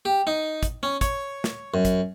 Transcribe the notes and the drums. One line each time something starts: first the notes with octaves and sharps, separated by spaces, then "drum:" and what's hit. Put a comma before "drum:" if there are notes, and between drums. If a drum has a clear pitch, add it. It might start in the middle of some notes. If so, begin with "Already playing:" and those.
G4
D#4
drum: kick, hi-hat
C#4
C#5, drum: kick, hi-hat
drum: snare
F#2
drum: kick, hi-hat